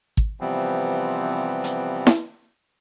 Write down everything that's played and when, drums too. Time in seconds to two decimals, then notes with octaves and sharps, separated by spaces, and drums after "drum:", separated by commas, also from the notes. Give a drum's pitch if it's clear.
0.17 drum: kick
0.41 C3 E3 F3 G3 B3 C4
1.64 drum: hi-hat
2.07 drum: snare E4